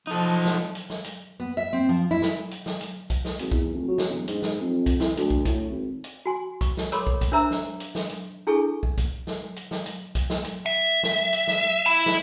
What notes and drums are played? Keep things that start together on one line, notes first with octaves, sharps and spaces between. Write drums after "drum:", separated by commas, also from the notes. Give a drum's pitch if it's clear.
F3 D#4 A4
drum: snare
drum: hi-hat
drum: snare
drum: hi-hat
B3
E5
C4
F3
E4
drum: snare
drum: hi-hat
drum: snare
drum: hi-hat
drum: kick, hi-hat
drum: snare
G#1, drum: hi-hat
E2, drum: kick
F1
F#3
drum: snare
E1
G#2, drum: hi-hat
drum: snare
F2
drum: kick, hi-hat
E3, drum: snare
D2, drum: hi-hat
drum: kick
A2, drum: kick, hi-hat
G#1
drum: hi-hat
F#4 G#5 C6
C#6, drum: kick, hi-hat
drum: snare
A4 A#4 C#5 B5 C6 D6, drum: hi-hat
drum: kick
drum: kick, hi-hat
D4 A#4 C5 E5 A#5 E6
drum: snare
drum: hi-hat
drum: snare
drum: hi-hat
D4 E4 G#4 A4 G#5 C#6
drum: kick
drum: kick, hi-hat
drum: snare
drum: hi-hat
drum: snare
drum: hi-hat
drum: kick, hi-hat
drum: snare
drum: hi-hat
E5
drum: snare
drum: hi-hat
drum: snare
E4
drum: snare